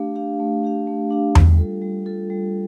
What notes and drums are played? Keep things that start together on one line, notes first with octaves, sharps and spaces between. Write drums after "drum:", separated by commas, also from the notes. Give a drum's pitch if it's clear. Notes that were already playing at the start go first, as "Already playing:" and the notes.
Already playing: A3 D4 G4 F5
D4 G4 F5
A3
D4 G4 F5
A3
D4 G4 F5
G3, drum: tom E2
F4 A4
G3
F4 A4
G3